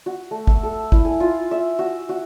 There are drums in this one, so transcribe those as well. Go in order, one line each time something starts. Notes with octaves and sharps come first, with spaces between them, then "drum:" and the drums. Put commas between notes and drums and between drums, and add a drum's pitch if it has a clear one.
F#4
A3
E5, drum: kick A1
A4
E4, drum: kick A1
G#5
F4
E5
F#4
F#4